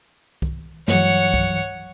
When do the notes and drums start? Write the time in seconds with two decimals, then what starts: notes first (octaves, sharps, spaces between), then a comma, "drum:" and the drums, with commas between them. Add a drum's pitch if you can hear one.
0.42 drum: kick C2
0.88 G2 E3 F#3 C#5 F#5, drum: snare
1.34 drum: kick C2